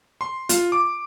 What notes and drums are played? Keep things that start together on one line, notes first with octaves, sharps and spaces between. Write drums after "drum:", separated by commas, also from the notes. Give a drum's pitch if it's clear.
C6
F4, drum: hi-hat
D6